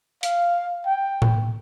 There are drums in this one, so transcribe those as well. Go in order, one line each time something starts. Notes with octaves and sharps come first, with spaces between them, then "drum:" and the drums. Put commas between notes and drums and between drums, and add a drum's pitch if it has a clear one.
F5, drum: hi-hat
G5
drum: tom A2